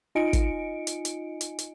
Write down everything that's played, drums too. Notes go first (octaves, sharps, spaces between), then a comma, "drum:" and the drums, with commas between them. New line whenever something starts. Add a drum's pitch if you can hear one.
D#4 F4 D#5 G#5 C#7 D7
drum: kick, hi-hat
drum: hi-hat
drum: hi-hat
drum: hi-hat
drum: hi-hat